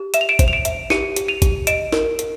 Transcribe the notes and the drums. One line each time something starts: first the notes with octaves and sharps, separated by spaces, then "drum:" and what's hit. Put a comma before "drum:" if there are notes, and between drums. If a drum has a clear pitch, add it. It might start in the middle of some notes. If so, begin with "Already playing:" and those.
Already playing: G4
E5 E7, drum: hi-hat
F7
D7 E7
C5, drum: kick G#1, hi-hat
F7
D7 E7
E5, drum: hi-hat
G4 C#7 D#7, drum: snare
G4, drum: hi-hat
D#7 F7
G4, drum: kick G#1, hi-hat
D#5 D7 E7, drum: hi-hat
A#4, drum: snare
A#4, drum: hi-hat